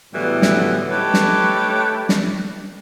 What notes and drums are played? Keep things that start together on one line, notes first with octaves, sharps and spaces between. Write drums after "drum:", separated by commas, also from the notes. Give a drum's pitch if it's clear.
A2 D3 E3 F#3 G3 B3
drum: snare
A3 D#4 G4 B4 C#5
drum: snare
drum: snare